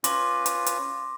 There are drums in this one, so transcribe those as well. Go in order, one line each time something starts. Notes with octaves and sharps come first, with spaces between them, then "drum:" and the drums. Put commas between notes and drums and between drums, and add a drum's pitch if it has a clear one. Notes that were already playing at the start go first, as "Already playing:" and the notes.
C#4 F4 B4 C6 D6 A#6, drum: hi-hat
drum: hi-hat
drum: hi-hat